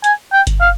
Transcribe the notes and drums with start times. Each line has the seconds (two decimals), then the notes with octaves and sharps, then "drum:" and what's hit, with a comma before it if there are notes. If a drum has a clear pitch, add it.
0.04 G#5, drum: hi-hat
0.33 G5
0.47 drum: kick G1, hi-hat
0.61 F5